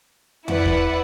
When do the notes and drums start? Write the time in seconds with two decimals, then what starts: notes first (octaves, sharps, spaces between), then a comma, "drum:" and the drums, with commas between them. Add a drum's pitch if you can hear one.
0.48 E4 B4 D5 F#5, drum: tom F2
0.65 drum: kick